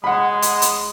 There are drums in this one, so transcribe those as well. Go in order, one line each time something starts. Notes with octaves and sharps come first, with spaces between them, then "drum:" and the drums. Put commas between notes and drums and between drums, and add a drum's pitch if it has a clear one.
G#3 F#5 B5
drum: hi-hat
drum: hi-hat